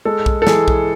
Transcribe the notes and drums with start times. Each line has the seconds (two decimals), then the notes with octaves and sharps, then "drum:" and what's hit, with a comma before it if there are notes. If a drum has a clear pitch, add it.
0.05 G#3 A4
0.26 drum: kick B1
0.42 A4
0.47 E3 G#4, drum: snare
0.68 drum: kick B1